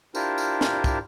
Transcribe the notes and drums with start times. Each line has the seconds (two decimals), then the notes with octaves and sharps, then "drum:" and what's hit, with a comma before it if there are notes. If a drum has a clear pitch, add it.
0.15 D4 E4 F4 G4 A#4 C5, drum: tambourine
0.38 drum: tambourine
0.61 drum: snare
0.84 drum: kick, tambourine